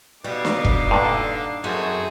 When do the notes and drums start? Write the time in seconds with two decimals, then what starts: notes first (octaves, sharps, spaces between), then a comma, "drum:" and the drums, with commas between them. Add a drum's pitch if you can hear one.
0.24 B2 G3 D#4 F5 D6
0.45 drum: snare
0.65 drum: kick F1
0.91 G2 A#2 D3
1.64 F#2 C4 D#4 F#4 G#4 A4